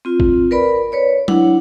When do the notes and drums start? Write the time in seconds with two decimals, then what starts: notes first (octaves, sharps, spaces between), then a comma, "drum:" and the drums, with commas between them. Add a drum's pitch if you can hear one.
0.05 C4 F4
0.20 drum: kick
0.51 A#4 B4 D5 B5
0.92 B4 C#5 D5
1.28 D4 E4 F#5, drum: tom F#3